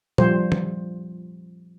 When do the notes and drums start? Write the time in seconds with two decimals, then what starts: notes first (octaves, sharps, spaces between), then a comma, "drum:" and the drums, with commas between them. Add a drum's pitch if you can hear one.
0.18 F3 G3 C5, drum: tom
0.52 drum: tom